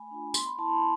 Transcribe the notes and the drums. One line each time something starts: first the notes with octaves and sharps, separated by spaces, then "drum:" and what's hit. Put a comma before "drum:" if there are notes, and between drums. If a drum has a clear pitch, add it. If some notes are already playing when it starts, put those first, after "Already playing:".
Already playing: A3 G#5 B5
D4 F4
B3 C6, drum: tambourine
B5
E4 A5 C6